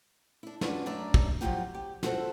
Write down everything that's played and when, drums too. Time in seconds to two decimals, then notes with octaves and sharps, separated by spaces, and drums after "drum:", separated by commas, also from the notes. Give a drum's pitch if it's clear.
0.43 D4 E4
0.61 C#4 D4 F4 F#4 B4, drum: snare
0.86 F#2 A3 D4 D5 E5 A#5
1.14 drum: kick
1.41 F3 F#3 G#3 F4 G4 F#5
1.75 G4
2.03 F4 F#4 A4 A#4 C5 E5, drum: snare